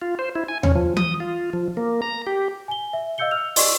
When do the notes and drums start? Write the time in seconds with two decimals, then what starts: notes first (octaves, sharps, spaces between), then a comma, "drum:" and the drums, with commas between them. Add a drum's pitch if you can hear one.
0.02 F4
0.19 C5
0.35 E4
0.48 G#5
0.63 C#4, drum: tom D#2
0.75 F3
0.97 D#6, drum: tom
1.20 F4
1.53 F3
1.77 A#3
2.02 A#5
2.27 G4
2.68 G#5 G7
2.93 E5
3.18 D#5 F5 E6 G6 C#7 G7
3.31 E6 F6 F7
3.56 D5 D#5 C6 C#6 E6, drum: open hi-hat